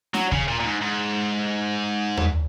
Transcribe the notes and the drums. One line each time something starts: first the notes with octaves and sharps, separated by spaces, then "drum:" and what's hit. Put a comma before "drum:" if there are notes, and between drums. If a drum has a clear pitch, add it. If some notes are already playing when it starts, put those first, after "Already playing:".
F#3, drum: snare
C#3, drum: kick D#2
A#2
A#2
G#2
G#2
drum: tom D#2